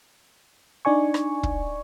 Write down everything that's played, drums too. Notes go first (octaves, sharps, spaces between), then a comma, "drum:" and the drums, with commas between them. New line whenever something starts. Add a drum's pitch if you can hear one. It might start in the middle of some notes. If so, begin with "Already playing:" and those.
D4 D#4 D5 G#5 C#6
drum: rim click
drum: kick